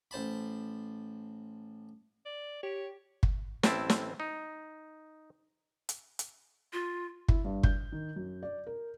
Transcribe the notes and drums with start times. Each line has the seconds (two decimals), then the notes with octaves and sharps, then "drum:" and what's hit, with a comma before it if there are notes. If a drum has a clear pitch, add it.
0.11 A1 C5 A5 B5
2.26 D5
2.63 G4 C#5
3.23 drum: kick
3.63 A1 C4 E4 A5, drum: snare
3.90 drum: snare
4.20 D#4
5.89 drum: hi-hat
6.19 drum: hi-hat
6.73 F4
7.29 E4, drum: kick
7.44 G2
7.63 G6, drum: kick
7.92 D#3
8.16 F#2
8.43 D5
8.67 A#4